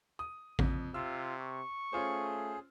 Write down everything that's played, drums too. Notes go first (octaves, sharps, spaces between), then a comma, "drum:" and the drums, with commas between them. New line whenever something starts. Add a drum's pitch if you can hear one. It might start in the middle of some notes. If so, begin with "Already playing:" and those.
D#6
F2, drum: kick A1
C3 F4 E6
C#6
A3 C#4 F4 G#4 C5